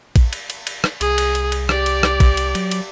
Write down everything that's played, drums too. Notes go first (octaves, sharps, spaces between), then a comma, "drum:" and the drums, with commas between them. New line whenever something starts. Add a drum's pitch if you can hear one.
drum: kick A#1, cymbal
drum: cymbal
drum: cymbal
drum: cymbal
drum: rim click
C2 G#4, drum: cymbal
drum: cymbal
drum: cymbal
drum: cymbal
G4 D5, drum: rim click
drum: cymbal
drum: rim click
drum: kick A#1, cymbal
drum: cymbal
F#3, drum: cymbal
drum: cymbal